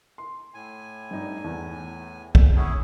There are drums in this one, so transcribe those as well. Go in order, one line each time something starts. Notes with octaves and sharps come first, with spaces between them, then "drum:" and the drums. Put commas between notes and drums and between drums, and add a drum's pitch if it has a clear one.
C6
A2 G#5
G2 D#4 D5
E2
drum: kick B1
C#4 E4 G#4 F#5 C#6